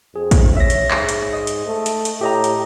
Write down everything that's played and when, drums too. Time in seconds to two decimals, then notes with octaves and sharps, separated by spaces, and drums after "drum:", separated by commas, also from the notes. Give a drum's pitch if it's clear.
0.16 F2 G#4
0.31 drum: kick, hi-hat
0.57 C#5 E5 A#6
0.70 drum: hi-hat
0.91 G#2, drum: clap
1.09 drum: hi-hat
1.33 D#5
1.47 drum: hi-hat
1.67 A3
1.86 drum: hi-hat
2.05 drum: hi-hat
2.21 A2 G4 D#5 A#5
2.44 drum: hi-hat